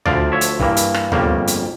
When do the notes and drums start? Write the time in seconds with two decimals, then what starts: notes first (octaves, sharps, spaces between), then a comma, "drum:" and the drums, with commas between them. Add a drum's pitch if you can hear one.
0.06 D2 D3 F3 D5 F5, drum: tom D2
0.32 C#5 E5
0.41 drum: hi-hat
0.60 G2 E3 A#3, drum: kick
0.77 drum: hi-hat
0.94 drum: rim click
1.12 G1 F2 C#3 G3 A#3, drum: tom D2
1.48 drum: hi-hat